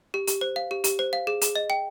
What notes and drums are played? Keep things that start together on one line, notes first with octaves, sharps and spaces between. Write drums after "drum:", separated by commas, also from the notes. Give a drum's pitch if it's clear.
G4
G4, drum: hi-hat
C5
F5
G4
G4, drum: hi-hat
C5
F5
G#4
G#4, drum: hi-hat
D#5
G5